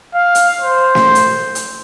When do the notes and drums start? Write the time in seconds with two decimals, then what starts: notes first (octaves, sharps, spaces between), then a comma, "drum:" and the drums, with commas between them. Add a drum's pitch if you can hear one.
0.15 F5
0.35 drum: hi-hat
0.61 C5
0.95 drum: snare
1.15 drum: hi-hat
1.55 drum: hi-hat